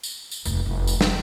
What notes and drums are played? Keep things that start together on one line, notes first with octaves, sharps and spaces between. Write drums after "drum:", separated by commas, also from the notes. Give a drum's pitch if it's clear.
drum: tambourine
drum: tambourine
F1 D#2, drum: tambourine
F1
drum: tambourine
F1, drum: snare